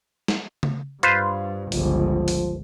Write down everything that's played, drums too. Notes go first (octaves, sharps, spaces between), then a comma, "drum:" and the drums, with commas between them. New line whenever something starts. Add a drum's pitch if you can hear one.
drum: snare
drum: tom C#3
G2 F4 B4 C5, drum: hi-hat
G1 C#2 F3, drum: open hi-hat
drum: open hi-hat